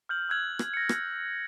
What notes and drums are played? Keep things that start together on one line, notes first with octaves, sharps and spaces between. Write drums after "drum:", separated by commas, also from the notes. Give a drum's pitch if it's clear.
F6 G6 F#7
E6 F#6 G#6 F#7
drum: rim click
A#6 C#7
drum: rim click